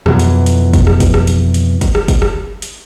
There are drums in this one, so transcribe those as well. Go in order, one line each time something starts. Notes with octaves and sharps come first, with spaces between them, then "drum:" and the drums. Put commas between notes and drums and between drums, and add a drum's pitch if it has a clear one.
F2 B2 E3 F#3, drum: rim click
drum: hi-hat
drum: hi-hat
drum: kick, hi-hat
drum: rim click
drum: kick, hi-hat
drum: rim click
drum: hi-hat
drum: hi-hat
drum: kick, hi-hat
drum: rim click
drum: kick, hi-hat
drum: rim click
drum: hi-hat